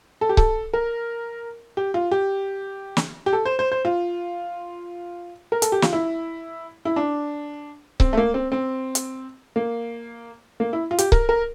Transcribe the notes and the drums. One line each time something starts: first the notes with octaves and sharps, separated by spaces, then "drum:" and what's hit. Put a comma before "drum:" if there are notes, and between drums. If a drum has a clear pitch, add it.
A4
G4
A4, drum: kick C#1
A#4
G4
F4
G4
drum: snare
G4
A4
C5
C5
C5
F4
A#4
A4, drum: hi-hat
G4
F4, drum: snare
E4
E4
D4
C4, drum: kick C#1
A3
A#3
C4
C4
drum: hi-hat
A#3
A#3
E4
F4
G4, drum: hi-hat
A#4, drum: kick C#1
A#4